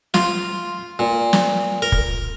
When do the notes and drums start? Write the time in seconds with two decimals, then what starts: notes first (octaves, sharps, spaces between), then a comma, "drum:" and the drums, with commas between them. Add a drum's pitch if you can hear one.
0.14 F4, drum: snare
0.99 A#2
1.33 drum: snare
1.82 A#4
1.92 drum: kick